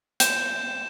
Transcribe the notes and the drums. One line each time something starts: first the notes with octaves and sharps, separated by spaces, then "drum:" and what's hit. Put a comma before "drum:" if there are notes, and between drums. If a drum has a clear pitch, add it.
G6 E7, drum: hi-hat